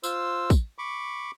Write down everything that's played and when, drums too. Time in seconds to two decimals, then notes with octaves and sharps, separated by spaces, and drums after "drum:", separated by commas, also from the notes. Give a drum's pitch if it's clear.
0.04 F4 C5 E6, drum: tambourine
0.50 drum: kick, tambourine
0.78 B5 C#6 D6